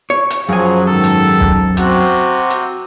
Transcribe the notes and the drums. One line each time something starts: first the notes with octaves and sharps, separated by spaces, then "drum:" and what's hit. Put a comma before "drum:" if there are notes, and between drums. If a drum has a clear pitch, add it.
C#5
drum: hi-hat
F#2 F3 F#3 G#4 F5 G#5
G#2 D#3 A4
drum: hi-hat
drum: kick
C3 C4 F#4 F#5, drum: hi-hat
drum: hi-hat